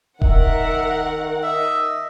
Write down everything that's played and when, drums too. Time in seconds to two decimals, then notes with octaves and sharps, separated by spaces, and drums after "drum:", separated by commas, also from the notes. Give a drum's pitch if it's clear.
0.22 D#3 A#4 E5 F#5, drum: kick D#1
1.43 D#5 E5